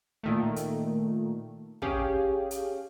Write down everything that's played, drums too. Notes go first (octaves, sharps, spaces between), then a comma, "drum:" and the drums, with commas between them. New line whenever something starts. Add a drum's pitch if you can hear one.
A#2 D#3 A3
drum: hi-hat
C#4 G4 G#4 F5, drum: kick
drum: hi-hat